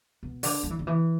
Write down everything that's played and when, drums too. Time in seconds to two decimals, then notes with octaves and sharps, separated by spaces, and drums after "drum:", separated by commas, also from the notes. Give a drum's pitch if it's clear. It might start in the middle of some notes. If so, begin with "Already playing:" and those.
0.23 B2
0.43 D3, drum: open hi-hat
0.63 G3
0.70 E3
0.79 D3
0.87 E3